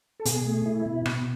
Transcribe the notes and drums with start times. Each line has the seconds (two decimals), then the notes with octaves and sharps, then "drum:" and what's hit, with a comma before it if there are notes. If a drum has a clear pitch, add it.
0.20 A4
0.25 B2 G#4, drum: hi-hat
0.45 A3
0.66 E4
0.85 B2
1.06 B2, drum: rim click